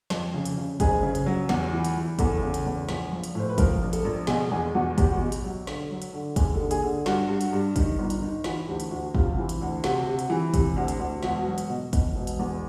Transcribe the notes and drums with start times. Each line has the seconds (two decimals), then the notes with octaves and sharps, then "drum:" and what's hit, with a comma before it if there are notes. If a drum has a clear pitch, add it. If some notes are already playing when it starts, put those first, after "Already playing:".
0.10 F2, drum: snare
0.34 C#3
0.45 drum: hi-hat
0.58 C#3
0.80 F#1 G#4, drum: kick, hi-hat
1.03 C#3
1.15 drum: hi-hat
1.26 F#3
1.49 E2, drum: snare
1.73 E3
1.85 drum: hi-hat
1.96 E3
2.19 E2 A4, drum: kick, hi-hat
2.43 C#3
2.54 drum: hi-hat
2.66 E2
2.89 A#1, drum: snare
3.12 F3
3.24 drum: hi-hat
3.35 A2 C5
3.49 B4
3.58 F3 A#4, drum: kick, hi-hat
3.82 A#1
3.93 A4, drum: hi-hat
4.05 A#1
4.27 B2 G#4, drum: snare
4.51 E2 G#4
4.75 E2 F#4
4.98 E2 G4, drum: kick, hi-hat
5.10 F#4
5.21 B2 G4
5.32 drum: hi-hat
5.44 F#3
5.67 D3, drum: snare
5.91 F#3
6.02 drum: hi-hat
6.13 D3
6.36 D#2 G#4, drum: kick, hi-hat
6.54 A4
6.59 D3
6.71 G#4, drum: hi-hat
6.83 D3
7.06 G2 F#4, drum: snare
7.29 G2
7.41 drum: hi-hat
7.53 G2
7.76 D#3, drum: kick, hi-hat
7.99 G1
8.10 drum: hi-hat
8.22 D#3
8.44 E3 F#4, drum: snare
8.68 D2 G4
8.80 drum: hi-hat
8.91 D2 F#4
9.15 C3 F4, drum: kick
9.37 E3
9.49 drum: hi-hat
9.61 D2
9.84 C3 F#4, drum: snare
10.07 C3
10.19 drum: hi-hat
10.30 E3
10.54 C3, drum: kick, hi-hat
10.76 D2
10.88 drum: hi-hat
10.99 D2
11.23 E1 F#4, drum: snare
11.46 F#3
11.58 drum: hi-hat
11.70 B2
11.93 B2, drum: kick, hi-hat
12.15 E1
12.27 drum: hi-hat
12.39 E2